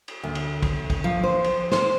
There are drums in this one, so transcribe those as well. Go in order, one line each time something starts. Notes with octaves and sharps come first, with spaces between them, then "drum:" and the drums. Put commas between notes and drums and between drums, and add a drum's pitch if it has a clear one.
drum: cymbal
D2
drum: cymbal
drum: kick, cymbal
drum: kick, cymbal
F3
C5
drum: cymbal
C5, drum: snare